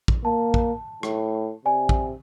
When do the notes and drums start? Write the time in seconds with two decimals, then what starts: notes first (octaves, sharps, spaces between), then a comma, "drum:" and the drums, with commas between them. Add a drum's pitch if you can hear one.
0.08 drum: kick
0.25 A#3 A5
0.54 drum: kick
1.03 A2, drum: rim click
1.66 C3 D5 G#5
1.89 drum: kick